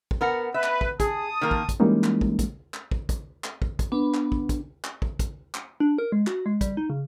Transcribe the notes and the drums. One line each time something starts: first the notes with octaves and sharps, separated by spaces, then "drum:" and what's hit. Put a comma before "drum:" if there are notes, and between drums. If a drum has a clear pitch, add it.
drum: kick
B3 A#4 F#5
B4 E5
drum: clap
drum: kick
G#4 A5 D#6, drum: kick, hi-hat
D#3 A#3 A#4
drum: kick
drum: kick, hi-hat
E3 G3 G#3 A#3 C#4 D#4
drum: clap
drum: kick
drum: kick, hi-hat
drum: clap
drum: kick
drum: kick, hi-hat
drum: clap
drum: kick
drum: kick, hi-hat
B3 D4
drum: clap
drum: kick
drum: kick, hi-hat
drum: clap
drum: kick
drum: kick, hi-hat
drum: clap
D4
A#4
G#3
F#4, drum: clap
G#3
G3, drum: kick, hi-hat
D#4
C#3